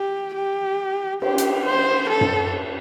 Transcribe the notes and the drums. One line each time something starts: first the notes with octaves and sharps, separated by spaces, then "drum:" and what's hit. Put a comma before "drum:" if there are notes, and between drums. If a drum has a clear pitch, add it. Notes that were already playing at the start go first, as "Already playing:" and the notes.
Already playing: G4
G4
G4, drum: cymbal
drum: hi-hat
C5
A4
drum: tom F#2